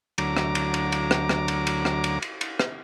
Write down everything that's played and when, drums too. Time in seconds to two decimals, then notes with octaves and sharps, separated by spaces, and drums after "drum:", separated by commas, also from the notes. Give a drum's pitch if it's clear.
0.18 D2 F#3 A#5 D6, drum: cymbal
0.37 drum: rim click
0.55 drum: cymbal
0.74 drum: cymbal
0.92 drum: cymbal
1.11 drum: rim click
1.29 drum: rim click
1.48 drum: cymbal
1.67 drum: cymbal
1.85 drum: rim click
2.04 drum: cymbal
2.22 drum: cymbal
2.41 drum: cymbal
2.60 drum: rim click